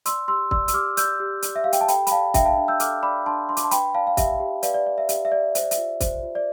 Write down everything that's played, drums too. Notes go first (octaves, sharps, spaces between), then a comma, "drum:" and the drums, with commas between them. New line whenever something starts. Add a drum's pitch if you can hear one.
D5 C6 E6, drum: hi-hat
G4 C6 E6
D5 C6 E6, drum: kick
E6, drum: hi-hat
G4 D6 F6
D5 E6 G6, drum: hi-hat
G4
D5, drum: hi-hat
E5
G4 F5
G5, drum: hi-hat
A5
A4 G5 B5, drum: hi-hat
B5, drum: hi-hat
D5 F5 A5
D4 E5 G5, drum: kick, hi-hat
F5 A5
D4
E6 G6
A4 D6 F6, drum: hi-hat
D5 B5 D6
D4 A5 C6
D4 C6
D6, drum: hi-hat
A5 C6
B4 G5 B5, drum: hi-hat
D5 F5 A5
F5
G4 E5, drum: kick, hi-hat
G4
B4 D5 F5, drum: hi-hat
D5
D5
E5
G4 E5, drum: hi-hat
E5
G4 D5
C5 E5, drum: hi-hat
D5
E5, drum: hi-hat
F4
C5, drum: kick, hi-hat
F4
D5